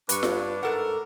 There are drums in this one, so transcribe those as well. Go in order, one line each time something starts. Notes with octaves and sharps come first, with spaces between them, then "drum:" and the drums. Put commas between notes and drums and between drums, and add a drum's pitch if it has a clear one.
G2 D4 B4 C#6, drum: hi-hat
drum: snare F4
G#2 A4 A#4 F#5